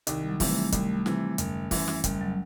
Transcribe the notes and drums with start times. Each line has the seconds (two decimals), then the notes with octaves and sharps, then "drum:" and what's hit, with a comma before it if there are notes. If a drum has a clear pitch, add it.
0.07 C2 D#3 D#4, drum: hi-hat
0.23 G3
0.29 F#3
0.40 C3 E3 A3, drum: kick, open hi-hat
0.51 G3
0.72 C2 G3, drum: kick, hi-hat
0.83 A3
0.93 G3
1.06 C3 E3, drum: snare
1.38 F#1, drum: hi-hat
1.71 F#2 E3, drum: kick, open hi-hat
1.88 drum: snare
2.04 F#1 G3, drum: kick, hi-hat
2.21 F#3